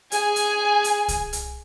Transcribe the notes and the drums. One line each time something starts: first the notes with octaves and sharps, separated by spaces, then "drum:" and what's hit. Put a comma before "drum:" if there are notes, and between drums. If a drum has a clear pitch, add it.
G#4 G#5, drum: hi-hat
drum: hi-hat
drum: hi-hat
drum: kick C2, hi-hat
drum: hi-hat